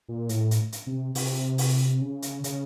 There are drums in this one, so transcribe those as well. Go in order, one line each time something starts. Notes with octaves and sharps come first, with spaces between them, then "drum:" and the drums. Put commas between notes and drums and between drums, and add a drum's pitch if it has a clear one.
A#2
A2, drum: hi-hat
drum: hi-hat
drum: hi-hat
C3
C3, drum: open hi-hat
drum: open hi-hat
C#3
drum: hi-hat
C#3, drum: hi-hat